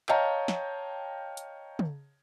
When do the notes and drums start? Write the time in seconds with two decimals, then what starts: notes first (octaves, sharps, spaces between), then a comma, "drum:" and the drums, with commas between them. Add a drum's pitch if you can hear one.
0.09 C#5 D#5 F5 G5 A5 A#5, drum: clap
0.48 drum: snare
1.37 drum: hi-hat
1.79 drum: tom